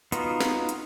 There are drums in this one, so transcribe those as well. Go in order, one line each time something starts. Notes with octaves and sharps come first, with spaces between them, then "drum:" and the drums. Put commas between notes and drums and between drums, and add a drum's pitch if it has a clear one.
B3 D#4 F4 F#4, drum: hi-hat
drum: snare
drum: hi-hat